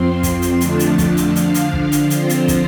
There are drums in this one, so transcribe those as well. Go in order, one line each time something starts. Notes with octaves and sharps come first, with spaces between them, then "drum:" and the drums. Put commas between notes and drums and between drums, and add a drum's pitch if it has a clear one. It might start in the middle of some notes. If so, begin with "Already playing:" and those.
Already playing: F2 F3 C4 C6
drum: kick, hi-hat
drum: hi-hat
F2 D3 F3 A3 D4 A5, drum: hi-hat
drum: hi-hat
drum: kick, hi-hat
drum: hi-hat
D3 F3 D4 F5, drum: hi-hat
drum: hi-hat
drum: kick
drum: hi-hat
D3 F3 C4 F4 C5, drum: hi-hat
drum: hi-hat
drum: kick, hi-hat